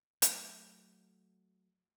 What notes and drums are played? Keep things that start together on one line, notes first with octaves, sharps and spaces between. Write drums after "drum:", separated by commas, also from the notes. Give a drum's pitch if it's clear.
F#3 A3, drum: hi-hat